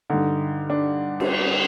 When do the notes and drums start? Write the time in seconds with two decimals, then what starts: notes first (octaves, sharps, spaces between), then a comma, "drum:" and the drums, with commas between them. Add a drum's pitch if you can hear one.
0.10 G2 D3 D#4
0.70 D4
1.20 drum: cymbal